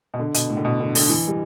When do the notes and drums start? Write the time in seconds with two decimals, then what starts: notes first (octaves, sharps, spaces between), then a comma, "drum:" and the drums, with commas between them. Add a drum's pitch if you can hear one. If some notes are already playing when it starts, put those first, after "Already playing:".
0.14 B2
0.19 D3
0.34 B2, drum: hi-hat
0.50 A2
0.57 D3
0.65 B2
0.80 D3
0.95 D3, drum: open hi-hat
1.09 E3
1.27 G3